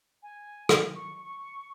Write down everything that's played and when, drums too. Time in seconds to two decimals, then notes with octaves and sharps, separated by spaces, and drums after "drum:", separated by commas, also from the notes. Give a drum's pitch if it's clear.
0.23 G#5
0.69 drum: rim click
0.95 C#6
1.24 C#6